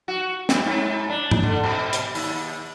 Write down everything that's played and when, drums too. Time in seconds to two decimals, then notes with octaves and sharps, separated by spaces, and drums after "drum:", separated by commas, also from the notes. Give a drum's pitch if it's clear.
0.08 F#4
0.49 B2, drum: snare
0.66 G#2
1.09 D4
1.31 drum: tom G#2
1.43 D3
1.64 B2
1.93 drum: hi-hat
2.15 D#2, drum: open hi-hat